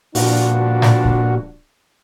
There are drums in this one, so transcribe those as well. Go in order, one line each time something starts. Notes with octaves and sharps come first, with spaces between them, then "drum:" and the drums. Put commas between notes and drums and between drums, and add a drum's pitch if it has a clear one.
G2 A#2 F3 D4 F#4, drum: open hi-hat
drum: snare
drum: kick